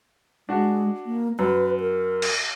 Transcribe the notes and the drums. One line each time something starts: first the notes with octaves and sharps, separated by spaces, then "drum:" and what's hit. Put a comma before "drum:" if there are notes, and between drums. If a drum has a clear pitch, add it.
G#3 D4 F#4
A#3
F#2 B4
A#4
drum: cymbal